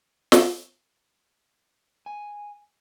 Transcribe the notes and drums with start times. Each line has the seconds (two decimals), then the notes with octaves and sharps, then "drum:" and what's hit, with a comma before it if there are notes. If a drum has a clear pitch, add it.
0.32 drum: snare
2.06 G#5